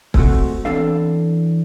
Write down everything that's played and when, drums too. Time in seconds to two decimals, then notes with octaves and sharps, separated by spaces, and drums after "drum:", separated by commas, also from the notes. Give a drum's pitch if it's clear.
0.14 G#3 A3 C4 F#4, drum: kick C#1
0.65 E2 C4 D4 A4 F5